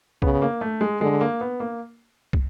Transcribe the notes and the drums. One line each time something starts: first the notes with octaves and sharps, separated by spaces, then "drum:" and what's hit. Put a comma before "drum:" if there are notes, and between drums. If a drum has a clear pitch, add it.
C#3 B3, drum: kick
A#3
A3
G#3
D3 G#3
A#3
B3
A#3
drum: kick